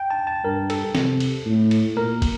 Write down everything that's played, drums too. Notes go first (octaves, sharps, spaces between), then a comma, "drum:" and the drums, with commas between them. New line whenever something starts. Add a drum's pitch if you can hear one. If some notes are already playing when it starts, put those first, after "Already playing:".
Already playing: G5
A5
A5
G2 A#4
A4, drum: cymbal
C3, drum: snare
drum: cymbal
A2
drum: cymbal
A#2 A#4
drum: kick, cymbal